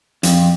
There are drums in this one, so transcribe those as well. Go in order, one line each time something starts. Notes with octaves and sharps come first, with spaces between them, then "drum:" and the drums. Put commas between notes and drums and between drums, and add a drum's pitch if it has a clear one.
F2, drum: hi-hat